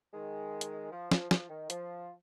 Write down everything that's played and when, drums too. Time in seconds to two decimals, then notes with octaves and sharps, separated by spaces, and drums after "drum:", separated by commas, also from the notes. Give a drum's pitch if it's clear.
0.14 D#3 G#3
0.61 drum: hi-hat
0.92 F3
1.11 F3, drum: snare
1.31 F3, drum: snare
1.50 D#3
1.70 F3, drum: hi-hat